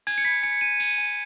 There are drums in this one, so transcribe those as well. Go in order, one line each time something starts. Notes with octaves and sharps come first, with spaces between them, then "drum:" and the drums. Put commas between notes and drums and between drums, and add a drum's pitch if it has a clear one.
G#5 G#6, drum: cymbal
C#7
B5 B6
G#5 C#7
G#5 D#7
G#5 D#7, drum: cymbal
G#5